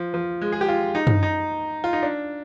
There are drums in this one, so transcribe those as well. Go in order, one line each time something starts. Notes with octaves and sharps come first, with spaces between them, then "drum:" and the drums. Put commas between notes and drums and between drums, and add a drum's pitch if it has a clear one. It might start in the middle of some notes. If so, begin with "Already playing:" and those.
Already playing: F3
F3
G#3
G#4
G4
F4
D#4
drum: tom
D#4
F4
D#4
D4